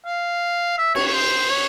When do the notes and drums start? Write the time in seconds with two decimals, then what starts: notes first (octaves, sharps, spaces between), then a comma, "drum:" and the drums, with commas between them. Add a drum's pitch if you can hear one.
0.06 F5
0.78 E5
0.95 C#5, drum: cymbal
1.08 C#5
1.13 C5
1.49 C#5